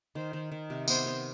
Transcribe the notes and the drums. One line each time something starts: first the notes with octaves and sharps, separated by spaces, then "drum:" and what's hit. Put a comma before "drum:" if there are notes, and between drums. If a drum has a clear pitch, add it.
D#3 C5
D#3
D#3
C3
B3 C5, drum: tambourine
B3